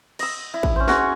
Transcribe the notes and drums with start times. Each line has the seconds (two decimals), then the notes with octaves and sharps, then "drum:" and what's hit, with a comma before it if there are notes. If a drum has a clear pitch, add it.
0.19 D#5 E6, drum: cymbal
0.54 E4
0.63 drum: kick A1
0.76 C#4 C5
0.88 C#4 F#4 G#4 C#5, drum: snare